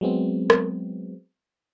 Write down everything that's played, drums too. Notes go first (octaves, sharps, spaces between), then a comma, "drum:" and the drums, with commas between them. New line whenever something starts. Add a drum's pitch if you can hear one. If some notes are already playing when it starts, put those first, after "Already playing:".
F#3 G#3 B3 C4
drum: rim click